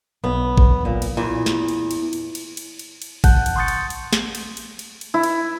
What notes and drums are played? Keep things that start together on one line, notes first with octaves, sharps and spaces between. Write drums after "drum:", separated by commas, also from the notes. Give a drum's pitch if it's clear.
B1 B3
drum: kick G#1
A#2
drum: cymbal
E2 A#2
drum: snare
drum: cymbal
drum: cymbal
drum: cymbal
drum: cymbal
drum: cymbal
drum: cymbal
drum: cymbal
F#5 A5 F#6 G6, drum: kick G#1, cymbal
drum: cymbal
C6 C#6 D#6 G6 A6 C#7
drum: cymbal
drum: cymbal
drum: snare
drum: cymbal
drum: cymbal
drum: cymbal
drum: cymbal
E4
drum: cymbal